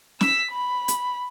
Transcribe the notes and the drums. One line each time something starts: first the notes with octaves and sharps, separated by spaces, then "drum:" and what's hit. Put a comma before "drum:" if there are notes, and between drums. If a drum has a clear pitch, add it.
E6 B6, drum: snare
B5
drum: hi-hat